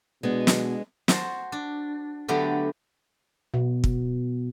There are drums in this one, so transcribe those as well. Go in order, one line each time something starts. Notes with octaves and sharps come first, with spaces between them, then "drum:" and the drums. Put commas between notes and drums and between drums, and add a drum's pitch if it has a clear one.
B2 G#3 B3 D4
drum: snare
F#4 C5 A5, drum: snare
D4
D3 F#3 A3 B3 G4
B2
drum: kick